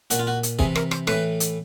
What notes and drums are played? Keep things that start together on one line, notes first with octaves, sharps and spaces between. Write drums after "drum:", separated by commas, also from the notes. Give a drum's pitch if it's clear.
A#2 F#4, drum: hi-hat
F4
F#4
drum: hi-hat
C3 E3 G#4, drum: kick
A#4, drum: rim click
C5, drum: rim click
A2 B4, drum: rim click
E3
drum: hi-hat